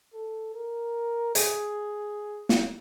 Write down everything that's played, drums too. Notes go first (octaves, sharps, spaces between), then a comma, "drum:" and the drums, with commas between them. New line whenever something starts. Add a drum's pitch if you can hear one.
A4
A#4
G#4, drum: hi-hat
drum: snare